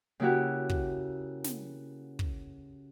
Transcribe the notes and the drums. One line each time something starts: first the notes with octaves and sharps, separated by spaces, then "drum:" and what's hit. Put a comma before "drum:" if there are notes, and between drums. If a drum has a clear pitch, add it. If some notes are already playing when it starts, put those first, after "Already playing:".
C#3 A#3 E4 F#4 G4
drum: kick
drum: snare
drum: kick